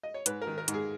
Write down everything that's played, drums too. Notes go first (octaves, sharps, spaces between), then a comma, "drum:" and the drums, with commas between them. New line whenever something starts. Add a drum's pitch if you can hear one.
D#5
C#5
G#2 B4, drum: hi-hat
A#4
D#3
A#4
G#2, drum: hi-hat
G#4